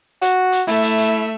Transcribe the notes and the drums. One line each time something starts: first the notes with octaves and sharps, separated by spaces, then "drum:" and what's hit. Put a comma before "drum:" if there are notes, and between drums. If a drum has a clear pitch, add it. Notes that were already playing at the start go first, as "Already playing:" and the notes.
F#4, drum: hi-hat
drum: hi-hat
A3 E4 E5, drum: hi-hat
drum: hi-hat
drum: hi-hat